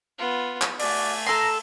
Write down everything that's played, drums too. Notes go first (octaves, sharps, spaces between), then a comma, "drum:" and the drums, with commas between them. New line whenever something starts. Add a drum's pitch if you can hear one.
B3 F4
drum: clap
A3 F#4 D5 G#5, drum: open hi-hat
A4 A#5 C6